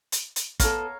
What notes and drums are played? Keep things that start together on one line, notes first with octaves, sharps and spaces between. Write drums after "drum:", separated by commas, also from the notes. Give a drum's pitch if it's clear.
drum: hi-hat
drum: hi-hat
B3 A4 C#5 F5 A#5, drum: kick, hi-hat